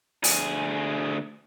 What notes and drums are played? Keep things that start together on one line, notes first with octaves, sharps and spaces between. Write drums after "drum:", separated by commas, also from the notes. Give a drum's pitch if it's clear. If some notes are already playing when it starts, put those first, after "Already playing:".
D2 G#4, drum: open hi-hat